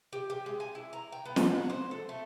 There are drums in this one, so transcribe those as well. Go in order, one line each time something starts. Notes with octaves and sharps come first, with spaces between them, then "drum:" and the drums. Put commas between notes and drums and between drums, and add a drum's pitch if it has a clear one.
G4
G4
G#3
G#5
E4
A#5
G5
B3
drum: snare
F#5
C5
A4
A3